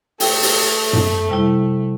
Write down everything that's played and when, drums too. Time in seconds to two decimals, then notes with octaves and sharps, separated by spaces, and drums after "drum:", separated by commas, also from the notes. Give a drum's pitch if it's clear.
0.20 A3 G5, drum: open hi-hat
0.42 drum: open hi-hat
0.93 drum: tom F#2
1.29 C3 G3 E4